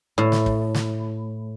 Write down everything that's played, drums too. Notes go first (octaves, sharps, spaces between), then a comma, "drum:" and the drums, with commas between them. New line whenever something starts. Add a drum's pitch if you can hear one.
A2
drum: snare
drum: kick
drum: snare